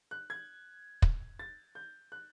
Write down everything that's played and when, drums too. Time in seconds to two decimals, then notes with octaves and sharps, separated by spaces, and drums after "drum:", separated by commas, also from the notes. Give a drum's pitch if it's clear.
0.11 F#6
0.30 G#6
1.02 drum: kick
1.39 A6
1.75 G6
2.12 F#6